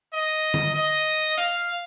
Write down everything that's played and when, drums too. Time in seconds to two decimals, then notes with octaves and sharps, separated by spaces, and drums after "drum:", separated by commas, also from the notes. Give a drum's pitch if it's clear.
0.13 D#5
0.54 drum: tom D3
0.75 D#5
1.38 F5, drum: hi-hat